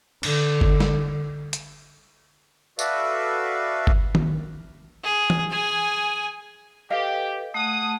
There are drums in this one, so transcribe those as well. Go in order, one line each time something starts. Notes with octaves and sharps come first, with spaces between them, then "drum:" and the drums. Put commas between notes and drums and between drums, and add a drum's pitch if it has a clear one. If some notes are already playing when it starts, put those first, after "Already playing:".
D3, drum: cymbal
drum: kick
drum: snare
drum: hi-hat
F#4 A4 B4 D5 E5 F5, drum: tambourine
drum: kick
drum: tom D#3
G#4
drum: tom
G#4 G#5
G4 A4 B4 D#5 F5 G5
A3 G#4 F#5 A5 D#6